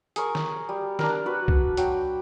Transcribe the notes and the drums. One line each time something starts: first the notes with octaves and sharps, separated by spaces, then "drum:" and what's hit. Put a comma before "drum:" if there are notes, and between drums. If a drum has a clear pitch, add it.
G#4 A#4 C#6, drum: hi-hat
drum: snare
G3
D4 A#4, drum: snare
F#4 B4 F#5
drum: kick
F#3 G5, drum: hi-hat